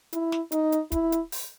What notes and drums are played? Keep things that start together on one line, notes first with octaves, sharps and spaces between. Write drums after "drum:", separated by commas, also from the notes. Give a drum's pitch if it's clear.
E4, drum: hi-hat
drum: snare
D#4, drum: hi-hat
drum: hi-hat
E4, drum: kick, hi-hat
drum: hi-hat
drum: open hi-hat